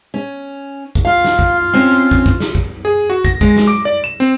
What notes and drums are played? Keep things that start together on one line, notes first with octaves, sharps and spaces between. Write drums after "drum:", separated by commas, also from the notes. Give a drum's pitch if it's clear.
C#4
drum: kick
F4 F5
drum: snare
drum: kick
C4 C#4
drum: kick
drum: kick
drum: snare
drum: kick
G#4
F#4
A#6, drum: kick
G#3, drum: kick
drum: snare
D6
D5
E7
C4